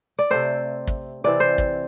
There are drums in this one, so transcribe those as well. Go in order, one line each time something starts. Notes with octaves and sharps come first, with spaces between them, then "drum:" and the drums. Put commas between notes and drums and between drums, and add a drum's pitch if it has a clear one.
D5
C3 A3 C4 C5
drum: kick
C3 E3 C4 D5
C5
drum: kick